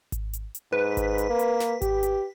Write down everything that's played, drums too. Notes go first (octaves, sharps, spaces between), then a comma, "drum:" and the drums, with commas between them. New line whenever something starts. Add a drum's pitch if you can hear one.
drum: kick G#1, hi-hat
drum: hi-hat
drum: hi-hat
G#2 B4
drum: kick G#1, hi-hat
drum: hi-hat
A#3
drum: hi-hat
drum: snare
G4, drum: kick G#1, hi-hat
drum: hi-hat